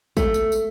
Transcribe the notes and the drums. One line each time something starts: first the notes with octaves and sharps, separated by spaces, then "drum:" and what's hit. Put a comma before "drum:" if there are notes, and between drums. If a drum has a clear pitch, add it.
A3, drum: kick, tambourine
drum: tambourine
drum: tambourine